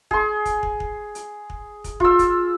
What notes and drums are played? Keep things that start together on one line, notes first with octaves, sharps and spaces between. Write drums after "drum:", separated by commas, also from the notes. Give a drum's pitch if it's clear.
G#4 C6, drum: kick
drum: kick, hi-hat
drum: kick
drum: kick
drum: hi-hat
drum: kick
drum: kick, hi-hat
F4 E6, drum: kick
drum: kick, hi-hat